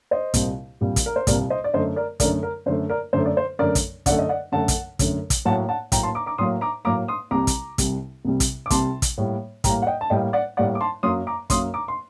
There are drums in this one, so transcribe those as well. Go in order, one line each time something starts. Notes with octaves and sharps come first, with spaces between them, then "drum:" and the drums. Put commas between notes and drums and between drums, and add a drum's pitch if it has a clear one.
C5 D#5
C2 A#2 G3, drum: kick, hi-hat
C2 A#2 G3
drum: kick, hi-hat
A#4
C5
C2 A#2 G3 A#4 D5, drum: kick, hi-hat
C5 D#5
D5
F#2 D3 A3 C5 D#5
A#4 D5
F#2 D3 A3 A#4 D5, drum: kick, hi-hat
A#4
F#2 D3 A3 C5
A#4 D5
F#2 D3 A3 C5
D5
C5
F#2 D3 A3 A#4 D5
drum: kick, hi-hat
F#2 D3 A3 D5 F#5, drum: kick, hi-hat
D#5
D5 F#5
F#2 D3 A3 F#5 A5
drum: kick, hi-hat
F#2 D3 A3, drum: kick, hi-hat
drum: kick, hi-hat
A2 F#3 A#3 F#5 A5
F#5 A5
A2 F#3 A#3 G5 A#5, drum: kick, hi-hat
A5 C6
A#5 D6
A#5 D6
A2 F#3 A#3 C6 D#6
A#5 D6
A2 F#3 A#3 A#5 D6
C6 D#6
C2 C3 G3 A#5 D6
drum: kick, hi-hat
C2 C3 G3, drum: kick, hi-hat
C2 C3 G3
drum: kick, hi-hat
D6
C2 C3 G3 A5 C6, drum: kick, hi-hat
drum: kick, hi-hat
A2 G3 A#3
A2 G3 A#3 G5 A#5, drum: kick, hi-hat
F#5
D#5 G5
A5
A2 G3 A#3 D#5 G5
D5 F#5
A2 G3 A#3 D5 F#5
D6
A5 C6
F#2 F#3 A#3 C6 D#6
A#5 D6
F#2 F#3 A#3 C6 D#6, drum: kick, hi-hat
A#5 D6
C6